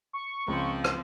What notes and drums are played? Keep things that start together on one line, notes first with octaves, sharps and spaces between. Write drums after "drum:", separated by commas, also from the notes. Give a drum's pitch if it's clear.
C#6
C#2 F3 C4
drum: rim click